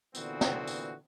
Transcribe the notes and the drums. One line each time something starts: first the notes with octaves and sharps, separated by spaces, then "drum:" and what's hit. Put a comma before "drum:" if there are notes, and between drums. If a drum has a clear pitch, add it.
A#2 D3 E3 B3 C4 F#4, drum: tambourine
drum: snare
drum: tambourine